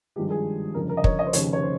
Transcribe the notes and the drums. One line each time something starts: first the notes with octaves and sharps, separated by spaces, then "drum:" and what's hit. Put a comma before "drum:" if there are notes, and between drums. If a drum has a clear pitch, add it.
G#1 G2 F3 G#3 G4
G#4
G1 F2 C#3 A#4
A#4
D#5
C#5, drum: kick
D#5
C5
F1 D#2 C#3 C#5, drum: hi-hat
C#5
C5